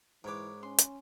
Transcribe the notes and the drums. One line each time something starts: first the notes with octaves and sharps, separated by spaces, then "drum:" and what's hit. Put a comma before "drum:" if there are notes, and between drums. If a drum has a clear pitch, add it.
G#2 E3 A#4 B4 C#5 D6
C#4 C6
drum: hi-hat